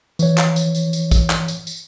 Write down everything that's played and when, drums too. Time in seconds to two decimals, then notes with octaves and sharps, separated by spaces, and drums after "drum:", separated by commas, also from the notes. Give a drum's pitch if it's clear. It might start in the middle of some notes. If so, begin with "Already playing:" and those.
0.19 E3 C#5, drum: tambourine
0.38 drum: clap
0.56 drum: tambourine
0.75 drum: tambourine
0.93 drum: tambourine
1.11 drum: kick, tambourine
1.30 drum: clap
1.48 drum: tambourine
1.67 drum: tambourine